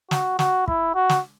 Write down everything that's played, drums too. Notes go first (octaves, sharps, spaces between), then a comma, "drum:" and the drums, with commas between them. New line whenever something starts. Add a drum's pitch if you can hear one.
F#4, drum: snare
F#4, drum: snare
E4, drum: kick
F#4
drum: snare